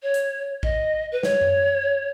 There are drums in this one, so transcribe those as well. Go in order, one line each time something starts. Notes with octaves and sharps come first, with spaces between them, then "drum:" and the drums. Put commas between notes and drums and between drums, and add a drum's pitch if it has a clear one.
C#5
drum: hi-hat
D#5, drum: kick A1
B4
C#5, drum: snare
drum: tom F#2